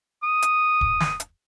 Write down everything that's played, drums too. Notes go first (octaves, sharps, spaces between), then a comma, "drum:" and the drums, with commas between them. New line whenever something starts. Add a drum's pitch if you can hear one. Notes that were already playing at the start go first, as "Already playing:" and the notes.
D#6
drum: hi-hat
drum: kick
drum: snare
drum: hi-hat